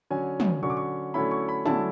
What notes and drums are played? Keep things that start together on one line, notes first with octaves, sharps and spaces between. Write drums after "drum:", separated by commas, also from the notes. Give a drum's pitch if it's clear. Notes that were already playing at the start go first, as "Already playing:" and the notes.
D3 F#3 C#4 G#5
drum: tom
D3 F#3 C#4 C#6
D6
C#6
D3 F#3 A3 C#4 E4 B5
C#6
B5
D3 F#3 A3 C#4 E4 A5, drum: tom